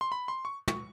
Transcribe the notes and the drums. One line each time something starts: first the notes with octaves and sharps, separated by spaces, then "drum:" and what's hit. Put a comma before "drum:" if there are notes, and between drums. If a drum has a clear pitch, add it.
C6
B5
C6
C#6
C#6, drum: tom